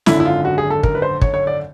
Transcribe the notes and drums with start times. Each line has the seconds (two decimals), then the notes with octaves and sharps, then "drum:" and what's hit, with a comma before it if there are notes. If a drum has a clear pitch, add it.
0.06 G#1 F#2 D3 E4, drum: snare
0.20 E4
0.25 F4
0.45 F#4
0.58 G#4
0.70 A4
0.83 A#4, drum: kick
0.95 B4
1.02 C5
1.21 C#5, drum: kick
1.34 C#5
1.47 D5